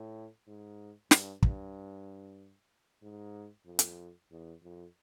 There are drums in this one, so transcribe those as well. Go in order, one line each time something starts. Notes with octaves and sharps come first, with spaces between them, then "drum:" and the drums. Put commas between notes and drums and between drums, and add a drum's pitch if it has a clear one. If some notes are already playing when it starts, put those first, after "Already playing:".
Already playing: A2
G#2
G2, drum: snare
G2, drum: kick
G#2
F2
drum: hi-hat
E2
F2